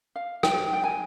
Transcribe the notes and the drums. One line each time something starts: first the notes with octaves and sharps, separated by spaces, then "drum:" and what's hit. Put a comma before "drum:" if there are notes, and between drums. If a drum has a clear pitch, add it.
F5
G5, drum: rim click
G5
G#5